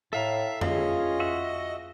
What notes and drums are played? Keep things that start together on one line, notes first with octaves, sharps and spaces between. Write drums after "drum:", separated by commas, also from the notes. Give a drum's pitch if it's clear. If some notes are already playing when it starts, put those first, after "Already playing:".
A2 A4 E5 F5 A#5
E3 C#4 F4 G#4 D#5, drum: tom F2
F#4 E5